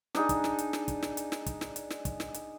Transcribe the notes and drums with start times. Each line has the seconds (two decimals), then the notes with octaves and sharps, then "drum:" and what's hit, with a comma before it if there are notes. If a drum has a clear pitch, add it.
0.15 D4 D#4 G#4, drum: snare
0.29 drum: kick, hi-hat
0.44 drum: snare
0.59 drum: hi-hat
0.73 drum: snare
0.88 drum: kick, hi-hat
1.02 drum: snare
1.17 drum: hi-hat
1.32 drum: snare
1.46 drum: kick, hi-hat
1.61 drum: snare
1.76 drum: hi-hat
1.90 drum: snare
2.05 drum: kick, hi-hat
2.20 drum: snare
2.34 drum: hi-hat